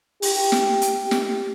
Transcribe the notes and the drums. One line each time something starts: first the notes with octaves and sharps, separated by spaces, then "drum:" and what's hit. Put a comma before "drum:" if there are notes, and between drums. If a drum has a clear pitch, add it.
G4, drum: open hi-hat
drum: snare
drum: hi-hat
drum: snare